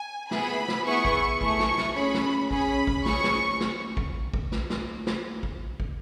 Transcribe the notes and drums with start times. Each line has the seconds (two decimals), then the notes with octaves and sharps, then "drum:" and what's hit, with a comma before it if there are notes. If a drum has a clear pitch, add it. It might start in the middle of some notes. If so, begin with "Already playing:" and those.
Already playing: G#5
0.31 B3 E4 G#4 B5, drum: snare
0.68 drum: snare
0.86 B3 E4 G#4 C#6
1.05 drum: kick
1.41 A3 E4 G#4 C#6, drum: kick
1.60 drum: snare
1.78 drum: snare
1.95 C#4 G#4 B5
2.14 drum: snare
2.51 C#4 G#4 B5, drum: kick
2.87 drum: kick
3.06 C#4 G#4 C#6, drum: snare
3.24 drum: snare
3.60 drum: snare
3.97 drum: kick
4.34 drum: kick
4.52 drum: snare
4.70 drum: snare
5.07 drum: snare
5.43 drum: kick
5.80 drum: kick